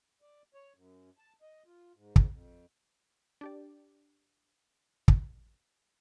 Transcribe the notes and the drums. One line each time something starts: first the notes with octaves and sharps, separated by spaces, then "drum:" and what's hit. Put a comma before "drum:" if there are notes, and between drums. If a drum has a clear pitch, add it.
D5
C#5
F#2
A5
D#5
F4
G#2
drum: kick
F2
D4 G4 D5
drum: kick